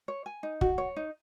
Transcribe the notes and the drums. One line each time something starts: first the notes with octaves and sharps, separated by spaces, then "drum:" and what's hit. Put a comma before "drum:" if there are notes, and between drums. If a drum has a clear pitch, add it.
C#5
G#5
D#4
F#4, drum: kick
C#5
D#4